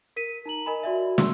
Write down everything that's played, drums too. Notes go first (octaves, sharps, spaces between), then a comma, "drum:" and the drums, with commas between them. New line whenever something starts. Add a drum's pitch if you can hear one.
A#4 B6 D#7
D#4 A#5 F#7
A#4 D#5 G#5 B5
F#4 D5 E5
C6 E6, drum: snare